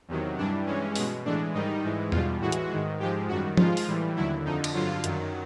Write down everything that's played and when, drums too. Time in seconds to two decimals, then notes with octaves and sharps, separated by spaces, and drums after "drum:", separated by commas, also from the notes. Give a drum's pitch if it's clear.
0.08 E2 C3 D#3 F#3
0.38 G2 E3 G3 D4
0.66 G2 E3 G#3 C#4
0.96 B2 G#3, drum: open hi-hat
1.25 A2 E3 G#3 D4
1.54 G#2 D#3 G3 D#4
1.84 G#2 E3 G#3
2.12 E2 B2 G3 F4, drum: tom E2
2.41 A2 E3 G#3 F#4
2.52 drum: hi-hat
2.70 G#2 D#3 G#3
3.00 G#2 F3 G#3 G4
3.28 F#2 D#3 G3 F#4
3.57 G#2 F3 G#3 F4, drum: tom F3
3.77 drum: open hi-hat
3.87 A2 E3 G3
4.16 D#2 D3 F#3 E4
4.45 F2 D3 F3 D#4
4.64 drum: cymbal
4.74 G2 D3 F#3 F4
5.04 F#2 D#3 F#3, drum: hi-hat